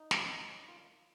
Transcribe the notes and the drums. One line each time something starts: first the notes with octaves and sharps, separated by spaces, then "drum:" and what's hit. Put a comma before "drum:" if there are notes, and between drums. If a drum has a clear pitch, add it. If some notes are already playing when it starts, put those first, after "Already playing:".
Already playing: D#4
C#4, drum: snare
G3
C#4
D#3 F4